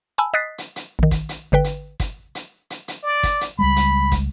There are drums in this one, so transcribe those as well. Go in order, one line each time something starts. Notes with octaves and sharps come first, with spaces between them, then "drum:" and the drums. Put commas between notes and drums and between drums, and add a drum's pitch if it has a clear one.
G#5 A5 B5 E6
D#5 D#6 F#6 A6 B6 C7
drum: hi-hat
drum: hi-hat
A#1 D#3
drum: kick, hi-hat
drum: hi-hat
G#1 D3 B4 G5
drum: hi-hat
drum: kick, hi-hat
drum: hi-hat
drum: hi-hat
drum: hi-hat
D5
drum: kick, hi-hat
drum: hi-hat
C#2 G3 G#3 B5
drum: hi-hat
drum: kick, hi-hat